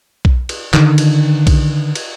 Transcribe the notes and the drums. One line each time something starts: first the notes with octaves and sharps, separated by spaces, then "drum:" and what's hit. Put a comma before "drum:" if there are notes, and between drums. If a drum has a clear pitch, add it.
drum: kick B1
drum: cymbal
D3 D#3, drum: clap
drum: cymbal
drum: kick B1, cymbal
drum: cymbal